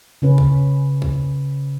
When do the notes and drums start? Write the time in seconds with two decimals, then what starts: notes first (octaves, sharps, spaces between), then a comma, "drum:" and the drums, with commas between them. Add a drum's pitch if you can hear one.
0.22 C#3 C#4 B4
0.38 drum: kick
1.02 drum: kick